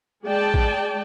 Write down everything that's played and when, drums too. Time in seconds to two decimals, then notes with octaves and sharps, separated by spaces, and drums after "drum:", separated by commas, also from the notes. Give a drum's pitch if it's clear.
0.25 G#3 D5 G5 A5
0.54 drum: kick